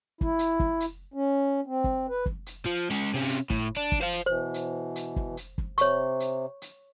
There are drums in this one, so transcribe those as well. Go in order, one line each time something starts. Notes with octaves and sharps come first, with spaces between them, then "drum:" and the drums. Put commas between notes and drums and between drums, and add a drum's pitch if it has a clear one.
E4, drum: kick
drum: hi-hat
drum: kick
drum: hi-hat
C#4
C4
drum: kick
B4
drum: kick
drum: hi-hat
F3
G#3 C#4, drum: hi-hat
C3 C#4
drum: hi-hat
A2, drum: kick
D4
drum: kick
C5 F5
drum: hi-hat
B2 E3 C5
drum: hi-hat
drum: hi-hat
drum: kick
drum: hi-hat
drum: kick
C3 C#5 C#6, drum: hi-hat
drum: hi-hat
drum: hi-hat